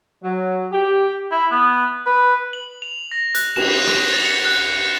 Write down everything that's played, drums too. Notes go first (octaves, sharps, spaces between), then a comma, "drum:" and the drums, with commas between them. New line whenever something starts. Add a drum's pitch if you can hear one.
F#3
G4
E4
B3
B4
F#7
F7
A#6
F#6, drum: hi-hat
E7, drum: cymbal
drum: rim click
A6
C#7
F#6